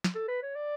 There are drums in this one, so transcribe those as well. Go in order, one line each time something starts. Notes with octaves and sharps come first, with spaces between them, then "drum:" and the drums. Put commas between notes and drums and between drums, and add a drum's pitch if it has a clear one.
drum: snare
A4
B4
C#5
D5